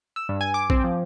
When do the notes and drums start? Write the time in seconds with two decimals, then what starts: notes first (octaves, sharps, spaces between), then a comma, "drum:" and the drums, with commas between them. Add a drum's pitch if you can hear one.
0.16 E6
0.29 G2
0.41 G#5
0.54 D6
0.70 C4, drum: kick
0.84 F3